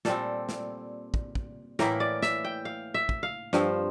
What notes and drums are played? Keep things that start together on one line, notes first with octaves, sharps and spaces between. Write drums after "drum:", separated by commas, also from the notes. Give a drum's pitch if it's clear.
A#2 G3 C4 A4, drum: snare
drum: snare
drum: kick
drum: kick
A2 E3 A#3 E4 A#4, drum: snare
D5
E5, drum: snare
G5
F5
E5
drum: kick
F5
G2 F3 C4, drum: snare